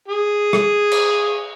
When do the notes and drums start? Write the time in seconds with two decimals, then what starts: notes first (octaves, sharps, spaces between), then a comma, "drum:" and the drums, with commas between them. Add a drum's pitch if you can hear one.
0.08 G#4
0.53 drum: rim click
0.92 drum: cymbal